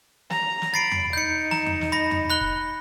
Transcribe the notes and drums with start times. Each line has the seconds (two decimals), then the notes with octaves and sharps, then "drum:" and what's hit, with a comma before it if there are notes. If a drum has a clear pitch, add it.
0.30 A#5, drum: snare
0.62 drum: snare
0.74 B5 A6 C7 D7
0.92 drum: tom E2
1.13 D#4 G6 C#7
1.51 A#5, drum: snare
1.66 drum: tom E2
1.81 drum: snare
1.92 B5 A#6
2.11 drum: tom E2
2.30 B5 F#6 G7
2.41 drum: kick